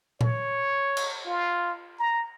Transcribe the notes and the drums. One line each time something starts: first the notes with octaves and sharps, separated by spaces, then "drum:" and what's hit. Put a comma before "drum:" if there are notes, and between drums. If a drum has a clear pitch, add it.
C#5, drum: tom A#2
drum: cymbal
F4
A#5